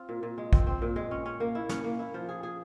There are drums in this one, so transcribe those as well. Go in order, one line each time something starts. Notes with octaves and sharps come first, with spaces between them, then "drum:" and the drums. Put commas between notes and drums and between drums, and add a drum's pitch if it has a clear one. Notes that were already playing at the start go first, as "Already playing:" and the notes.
Already playing: C4 F4
A#2
A#2
G#3
C4, drum: kick A#1
C4
A#2
G#3
C#4
C#4
A#3
E4
C#4, drum: snare
A#3
E4
F3
G#4
G#4